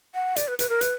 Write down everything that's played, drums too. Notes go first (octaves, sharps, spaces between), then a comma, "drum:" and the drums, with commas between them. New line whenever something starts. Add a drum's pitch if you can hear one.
F#5
D5, drum: hi-hat
B4
B4, drum: hi-hat
A#4
B4, drum: hi-hat